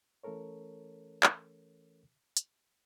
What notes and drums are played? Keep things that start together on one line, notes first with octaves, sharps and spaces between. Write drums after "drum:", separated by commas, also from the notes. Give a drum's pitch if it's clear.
E3 A3 C#4 A4 A#4 C#5
drum: clap
drum: hi-hat